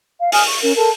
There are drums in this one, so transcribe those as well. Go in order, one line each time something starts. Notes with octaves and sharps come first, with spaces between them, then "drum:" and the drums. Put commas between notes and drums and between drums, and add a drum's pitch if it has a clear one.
F5
G#5 D#6 F6, drum: open hi-hat
C#6
C#4 A#4
A4 A#4 A5